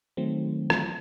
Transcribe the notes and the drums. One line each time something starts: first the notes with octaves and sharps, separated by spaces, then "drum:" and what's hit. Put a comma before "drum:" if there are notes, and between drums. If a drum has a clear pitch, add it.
D#3 F#3 A3 C4
drum: rim click